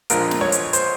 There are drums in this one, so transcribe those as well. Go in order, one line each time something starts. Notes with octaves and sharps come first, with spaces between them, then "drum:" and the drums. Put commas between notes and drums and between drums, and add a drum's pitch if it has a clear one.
A#1 A#2 F3 G#3 A#4, drum: hi-hat
drum: snare
C#5
drum: hi-hat
C5, drum: hi-hat